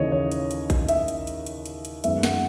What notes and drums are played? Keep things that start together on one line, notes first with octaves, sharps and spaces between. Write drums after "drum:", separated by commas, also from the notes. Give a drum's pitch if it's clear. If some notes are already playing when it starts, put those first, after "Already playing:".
Already playing: D#2 C#3 E3 C#5 D#5
C#5
drum: hi-hat
drum: hi-hat
drum: kick A1, hi-hat
E5, drum: hi-hat
drum: hi-hat
drum: hi-hat
drum: hi-hat
drum: hi-hat
drum: hi-hat
F#2 D#3 G#3 B3 E5, drum: hi-hat
F#5, drum: snare